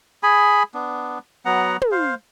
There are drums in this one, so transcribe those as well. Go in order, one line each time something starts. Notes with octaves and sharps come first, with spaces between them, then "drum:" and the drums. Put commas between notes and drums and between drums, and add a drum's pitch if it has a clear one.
G#4 G#5 B5
B3 D4
F#3 B3 F#5 A#5
drum: tom
C5 F5